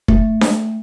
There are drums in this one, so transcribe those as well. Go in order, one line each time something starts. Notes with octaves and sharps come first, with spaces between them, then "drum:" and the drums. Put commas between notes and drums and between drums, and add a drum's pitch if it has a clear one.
A3, drum: kick
drum: snare D4